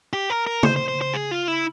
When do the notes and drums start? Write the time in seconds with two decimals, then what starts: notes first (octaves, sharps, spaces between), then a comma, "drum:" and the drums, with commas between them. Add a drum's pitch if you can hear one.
0.13 G4
0.30 A#4
0.47 A#4
0.63 C5, drum: tom C#3
0.76 C5
0.88 C5
1.01 C5
1.14 G#4
1.31 F4
1.48 E4